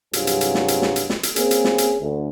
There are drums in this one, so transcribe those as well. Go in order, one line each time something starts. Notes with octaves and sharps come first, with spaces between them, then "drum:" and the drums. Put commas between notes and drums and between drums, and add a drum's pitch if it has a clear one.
C2 G2 C3 F#3 F4 G#4, drum: hi-hat
drum: hi-hat
drum: hi-hat
drum: snare
drum: hi-hat
drum: snare
drum: hi-hat
drum: snare
drum: hi-hat
A#3 C4 C#4 G#4, drum: hi-hat
drum: hi-hat
drum: snare
drum: hi-hat
D2